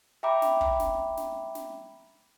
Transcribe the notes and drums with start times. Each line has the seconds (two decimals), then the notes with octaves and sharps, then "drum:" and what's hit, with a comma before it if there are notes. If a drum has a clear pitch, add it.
0.23 E5 G5 A#5 B5 D6
0.42 drum: snare
0.61 drum: kick
0.80 drum: snare
1.17 drum: snare
1.55 drum: snare